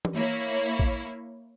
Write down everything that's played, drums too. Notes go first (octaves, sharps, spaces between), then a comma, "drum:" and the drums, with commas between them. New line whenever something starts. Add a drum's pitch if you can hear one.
drum: tom E3
A#3 E4 C#5
drum: kick A#1